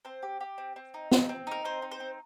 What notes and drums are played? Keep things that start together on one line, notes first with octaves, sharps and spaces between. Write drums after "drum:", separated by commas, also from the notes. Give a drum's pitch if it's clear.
C4 C5
G4
G4
C4
C4
D#4
C4, drum: snare
C4
D#4 A#4
C4 C5
D#4
C5
C4